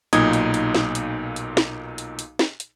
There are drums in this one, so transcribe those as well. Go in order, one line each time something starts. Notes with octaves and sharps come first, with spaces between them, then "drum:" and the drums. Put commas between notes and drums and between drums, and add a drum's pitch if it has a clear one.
B1 A#2 D#4 D#6 G#6, drum: hi-hat
drum: hi-hat
drum: hi-hat
drum: snare
drum: hi-hat
drum: hi-hat
drum: snare
drum: hi-hat
drum: hi-hat
drum: snare
drum: hi-hat